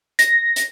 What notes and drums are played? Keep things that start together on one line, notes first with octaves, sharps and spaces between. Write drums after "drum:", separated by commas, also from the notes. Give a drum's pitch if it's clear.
A#6, drum: hi-hat
drum: hi-hat